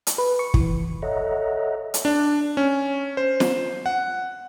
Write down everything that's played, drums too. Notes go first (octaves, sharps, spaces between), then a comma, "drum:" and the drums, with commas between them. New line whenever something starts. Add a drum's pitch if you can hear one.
drum: hi-hat
B4
C#6
E3, drum: kick
A4 C#5 D#5 E5 F#5 A#5
drum: hi-hat
D4
C#4
C5
drum: snare
F#5